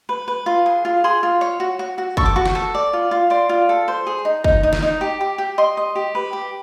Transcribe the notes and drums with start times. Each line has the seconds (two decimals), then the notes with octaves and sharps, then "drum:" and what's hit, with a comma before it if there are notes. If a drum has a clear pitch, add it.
0.09 B4
0.28 B4
0.46 F4
0.66 G#4
0.85 F4
1.04 G#4 C6
1.23 F4
1.41 C#5
1.60 F#4
1.79 F#4
1.98 F#4
2.17 A4 C#6, drum: kick
2.26 D6
2.36 F#4 C#6
2.46 drum: snare
2.55 A4
2.75 D5
2.93 F4
3.11 F4
3.30 D5 C6
3.49 F4
3.69 A4
3.88 C5
4.06 G#4
4.25 D#4
4.44 D#4, drum: kick
4.63 D#4
4.73 drum: snare
4.82 D#4
5.01 G4
5.21 G4
5.38 G4
5.58 D#5 C6
5.77 D#5
5.95 G4
6.15 B4
6.33 G4